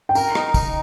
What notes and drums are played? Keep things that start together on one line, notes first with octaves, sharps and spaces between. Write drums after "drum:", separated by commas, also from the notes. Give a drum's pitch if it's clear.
G5
A#4 A#5, drum: tambourine
D#4, drum: rim click
D#4, drum: kick, tambourine